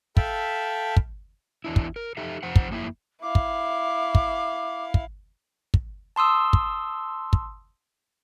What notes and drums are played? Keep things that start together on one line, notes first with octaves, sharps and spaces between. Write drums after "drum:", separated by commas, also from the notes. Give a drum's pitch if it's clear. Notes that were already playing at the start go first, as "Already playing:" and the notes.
A4 E5 F5 G5 A5 B5, drum: kick
drum: kick
E2 D4 E4
drum: kick
A#4
D#4 G4 A4 E5
F2 F3 C5 F#5
drum: kick
F2 A#3 E4
E4 F5 D6
drum: kick
drum: kick
drum: kick
drum: kick
A5 C6 D#6 E6
drum: kick
drum: kick